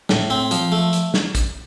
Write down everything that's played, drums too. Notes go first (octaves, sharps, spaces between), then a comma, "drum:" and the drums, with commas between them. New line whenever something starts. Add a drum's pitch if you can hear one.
A2, drum: snare
C4
F3, drum: hi-hat
A3
drum: hi-hat
drum: snare
drum: kick, hi-hat